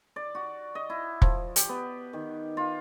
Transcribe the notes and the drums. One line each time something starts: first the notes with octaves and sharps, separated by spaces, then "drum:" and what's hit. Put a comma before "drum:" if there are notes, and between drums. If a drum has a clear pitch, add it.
D5
F#4
D#5
E4
F3, drum: kick
G4, drum: hi-hat
B3
D#3
F4